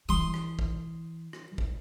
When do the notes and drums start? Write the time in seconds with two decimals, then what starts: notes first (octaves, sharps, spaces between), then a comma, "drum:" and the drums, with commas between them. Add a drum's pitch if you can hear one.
0.09 E3 C6 D#6
0.34 drum: rim click
0.59 drum: kick
1.33 drum: rim click
1.58 drum: kick